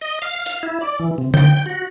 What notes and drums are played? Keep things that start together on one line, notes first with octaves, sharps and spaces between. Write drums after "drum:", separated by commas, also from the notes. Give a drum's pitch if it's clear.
D#5
F5
F5
drum: hi-hat
E4
D5
E3
C3
G5, drum: tom D3
F#4